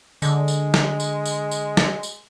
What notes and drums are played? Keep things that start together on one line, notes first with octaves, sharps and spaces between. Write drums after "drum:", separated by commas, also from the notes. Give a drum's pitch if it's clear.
D3 G#3, drum: tambourine
drum: tambourine
drum: snare
drum: tambourine
drum: tambourine
drum: tambourine
drum: snare
drum: tambourine